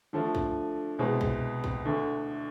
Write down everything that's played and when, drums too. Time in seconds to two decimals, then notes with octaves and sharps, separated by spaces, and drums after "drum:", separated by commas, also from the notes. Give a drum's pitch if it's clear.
0.13 D3 F3 A3
0.35 drum: kick B1
0.99 C2 B2 G#3 C4 G#4
1.21 drum: kick B1
1.64 drum: kick B1
1.85 D2 D3 A3